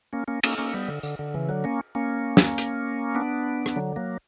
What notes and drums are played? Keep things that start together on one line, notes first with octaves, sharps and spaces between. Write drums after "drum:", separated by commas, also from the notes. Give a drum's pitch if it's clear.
A#3 C#4
A#3 C#4
A#3 C#4, drum: cymbal
A#3 C#4
G3 B3
D3
D3, drum: tambourine
D3
C#3 E3
D3 F#3
A#3 C#4
A#3 C#4
drum: snare
drum: hi-hat
B3 D4
drum: rim click
D3 F#3
F#3 A#3